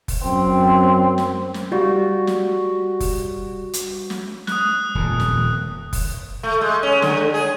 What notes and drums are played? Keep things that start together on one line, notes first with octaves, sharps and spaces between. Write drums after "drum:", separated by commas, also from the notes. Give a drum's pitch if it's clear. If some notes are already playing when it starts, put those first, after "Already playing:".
drum: kick F1, open hi-hat
F#2 C4
drum: snare
drum: snare
G3 F#4
drum: snare
drum: kick F1, open hi-hat
drum: hi-hat
drum: snare
D#6 F#6, drum: snare
D#1 F2
drum: snare
drum: kick F1, open hi-hat
A3
G#3
C#4
D3, drum: snare
G#4